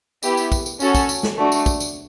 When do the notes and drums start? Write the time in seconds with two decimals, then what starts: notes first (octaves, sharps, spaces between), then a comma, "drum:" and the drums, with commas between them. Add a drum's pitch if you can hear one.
0.23 B3 E4 G4, drum: tambourine
0.37 drum: tambourine
0.52 drum: kick, tambourine
0.66 drum: tambourine
0.80 C#4 F#4 A4, drum: tambourine
0.95 drum: kick, tambourine
1.09 drum: tambourine
1.23 drum: snare
1.37 A3 D4 F#4
1.52 drum: tambourine
1.66 drum: kick, tambourine
1.80 drum: tambourine